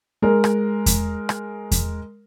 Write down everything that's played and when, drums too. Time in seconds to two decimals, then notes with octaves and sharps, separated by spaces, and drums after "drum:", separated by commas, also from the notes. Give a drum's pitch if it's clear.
0.22 G#3 A#4
0.44 drum: rim click
0.86 drum: kick E2, hi-hat
1.29 drum: rim click
1.71 drum: kick E2, hi-hat